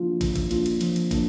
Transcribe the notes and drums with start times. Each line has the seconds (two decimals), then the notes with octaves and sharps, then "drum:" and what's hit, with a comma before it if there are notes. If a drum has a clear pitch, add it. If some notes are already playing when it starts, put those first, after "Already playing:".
Already playing: F3 A#3 D4 F4
0.21 F3, drum: kick, cymbal
0.36 drum: kick, cymbal
0.51 A#3 D4 F4, drum: cymbal
0.66 drum: cymbal
0.81 F3, drum: cymbal
0.96 drum: cymbal
1.11 A#3 D4, drum: kick, cymbal